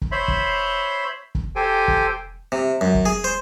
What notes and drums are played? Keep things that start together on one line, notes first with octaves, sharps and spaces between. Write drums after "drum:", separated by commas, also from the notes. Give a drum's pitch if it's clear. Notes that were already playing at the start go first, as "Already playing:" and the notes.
drum: kick
C5 C#5 E5 B5 C6
drum: kick
drum: kick
G4 A4 C5 G5 G#5
drum: kick
C3
F#2
drum: kick
G#4
C5